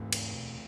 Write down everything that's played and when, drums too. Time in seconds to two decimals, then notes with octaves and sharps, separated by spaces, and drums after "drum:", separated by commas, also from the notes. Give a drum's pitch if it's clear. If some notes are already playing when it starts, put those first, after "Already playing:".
Already playing: E1 D2 G#2 C3 E3 A3
0.13 drum: cymbal
0.35 B2